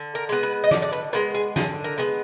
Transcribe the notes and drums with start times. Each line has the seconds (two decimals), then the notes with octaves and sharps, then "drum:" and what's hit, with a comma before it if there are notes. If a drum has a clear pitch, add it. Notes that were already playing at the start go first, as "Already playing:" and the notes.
Already playing: D3
0.15 A#4
0.29 G#3 B3
0.43 B4
0.64 D#5
0.71 D3 D5, drum: snare
0.82 D5
0.93 B4
1.13 G#3 B3 A#4
1.35 G#4
1.56 D3 G#4, drum: snare
1.84 A#4
1.98 G#3 B3